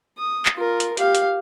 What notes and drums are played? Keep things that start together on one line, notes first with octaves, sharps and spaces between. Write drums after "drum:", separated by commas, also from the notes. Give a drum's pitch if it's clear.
D#6
drum: clap
F4 A#4
drum: hi-hat
G4 F5, drum: hi-hat
drum: hi-hat